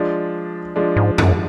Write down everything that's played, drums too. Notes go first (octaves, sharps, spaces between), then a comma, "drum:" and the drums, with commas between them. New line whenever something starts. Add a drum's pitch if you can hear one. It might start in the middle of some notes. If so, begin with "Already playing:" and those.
Already playing: F3 G#3 D4
F3 G#3 D4
G#2
F#2, drum: tom F#2